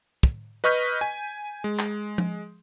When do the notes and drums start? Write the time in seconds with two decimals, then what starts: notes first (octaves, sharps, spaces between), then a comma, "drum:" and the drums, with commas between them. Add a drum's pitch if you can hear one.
0.23 drum: kick
0.64 B4 D#5 C#6 F6 G6 B6
1.01 G#5
1.64 G#3
1.79 drum: clap
2.18 drum: tom F3